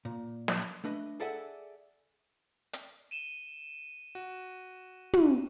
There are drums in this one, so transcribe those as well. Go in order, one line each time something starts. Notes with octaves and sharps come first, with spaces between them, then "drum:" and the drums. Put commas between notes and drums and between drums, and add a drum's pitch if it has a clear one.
A#2
drum: snare
A3 D4 B4 D#5
G#4 A4 D5 E5 F#5 G#5
drum: hi-hat
D#7 E7 G7
F#4
drum: tom